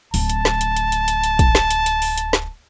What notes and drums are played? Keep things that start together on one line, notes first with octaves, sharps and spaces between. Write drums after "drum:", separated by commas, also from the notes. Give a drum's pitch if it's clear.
D1 A5, drum: open hi-hat
drum: hi-hat
drum: snare
drum: hi-hat
drum: hi-hat
drum: hi-hat
drum: hi-hat
drum: hi-hat
drum: kick, hi-hat
drum: snare
drum: hi-hat
drum: hi-hat
drum: open hi-hat
drum: hi-hat
drum: snare